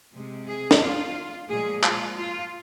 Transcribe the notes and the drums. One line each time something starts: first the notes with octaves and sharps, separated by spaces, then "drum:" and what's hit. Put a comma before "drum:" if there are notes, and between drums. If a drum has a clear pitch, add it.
C3 G#3
G#4
drum: snare
F4
A#2 F3 G#3 G#4
F4, drum: clap
F4